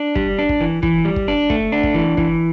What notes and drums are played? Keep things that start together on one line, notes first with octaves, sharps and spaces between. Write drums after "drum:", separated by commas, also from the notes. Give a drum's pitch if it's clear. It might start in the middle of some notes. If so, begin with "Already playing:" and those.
Already playing: D4
G3, drum: kick
D4
drum: kick
E3
E3, drum: kick
G3
drum: kick
D4
A3, drum: kick
D4
drum: kick
E3
E3, drum: kick